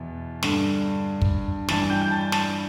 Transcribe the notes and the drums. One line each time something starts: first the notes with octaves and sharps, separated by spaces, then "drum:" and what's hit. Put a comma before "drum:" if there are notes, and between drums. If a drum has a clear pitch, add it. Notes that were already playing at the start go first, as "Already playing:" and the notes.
Already playing: E2 B2
G2 D3, drum: snare
drum: kick
G2 E3 A5 A6, drum: snare
G5 G6
G6
A5 A6
A5 A6, drum: snare